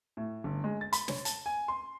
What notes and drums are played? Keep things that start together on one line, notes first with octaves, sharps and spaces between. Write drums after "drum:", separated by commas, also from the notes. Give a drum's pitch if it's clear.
A2
G1
G#3
A6
B5, drum: hi-hat
C#5, drum: snare
A5, drum: hi-hat
G#5
C6